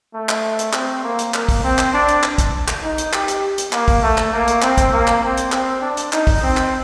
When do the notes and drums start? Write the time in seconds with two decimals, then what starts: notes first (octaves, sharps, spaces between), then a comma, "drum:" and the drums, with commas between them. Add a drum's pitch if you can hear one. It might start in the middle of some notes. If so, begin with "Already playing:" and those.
0.14 A3
0.29 drum: clap
0.59 drum: hi-hat
0.73 C4, drum: clap
1.03 A#3
1.19 drum: hi-hat
1.34 A#3, drum: clap
1.49 drum: kick, open hi-hat
1.63 C4
1.78 drum: clap
1.93 D4
2.08 drum: hi-hat
2.23 drum: clap
2.38 drum: kick, hi-hat
2.68 drum: clap
2.83 D#4
2.98 drum: hi-hat
3.13 G4, drum: clap
3.28 drum: hi-hat
3.58 drum: hi-hat
3.73 A#3, drum: clap
3.88 drum: kick, open hi-hat
4.03 A3
4.18 drum: clap
4.33 A#3
4.48 drum: hi-hat
4.62 C4, drum: clap
4.77 drum: kick, hi-hat
4.93 A#3
5.07 drum: clap
5.23 C4
5.37 drum: hi-hat
5.52 C4, drum: clap
5.82 D4
5.97 drum: hi-hat
6.13 D#4, drum: clap
6.27 drum: kick, open hi-hat
6.42 C4
6.57 drum: clap